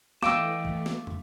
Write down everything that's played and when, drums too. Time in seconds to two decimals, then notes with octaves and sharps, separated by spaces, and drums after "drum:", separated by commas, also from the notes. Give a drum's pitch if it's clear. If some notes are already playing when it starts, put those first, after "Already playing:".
0.23 E3 A3 D#5 F5 G5 A5 D6 E6, drum: snare
0.65 drum: kick
0.86 drum: snare
1.07 drum: tom